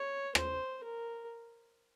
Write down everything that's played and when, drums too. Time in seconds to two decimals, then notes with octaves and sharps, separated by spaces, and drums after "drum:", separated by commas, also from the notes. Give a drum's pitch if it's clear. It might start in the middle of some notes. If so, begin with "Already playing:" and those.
Already playing: C#5
0.35 C5, drum: rim click
0.83 A#4